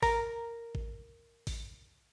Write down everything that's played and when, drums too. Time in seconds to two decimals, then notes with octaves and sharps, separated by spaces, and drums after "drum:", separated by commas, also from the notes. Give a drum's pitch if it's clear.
0.02 A#4 A#5, drum: kick, open hi-hat
0.75 drum: kick
1.47 drum: kick, open hi-hat